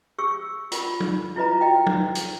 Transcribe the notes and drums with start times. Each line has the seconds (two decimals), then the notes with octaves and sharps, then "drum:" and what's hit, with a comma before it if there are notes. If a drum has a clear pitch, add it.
0.18 G#4 C#6 E6
0.72 F4 A#4 B5, drum: hi-hat
1.00 drum: tom F#3
1.36 E4 F4 B4 D#5 A#5
1.61 F#4 D#5 G5
1.86 drum: tom F#3
2.15 drum: hi-hat